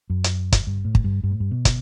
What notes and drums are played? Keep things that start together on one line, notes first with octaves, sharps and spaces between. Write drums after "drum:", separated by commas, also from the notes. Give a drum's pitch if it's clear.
F#2
drum: hi-hat
drum: kick, hi-hat
G2
A2
drum: kick
G2
G2
A2
G2
B2
drum: kick, hi-hat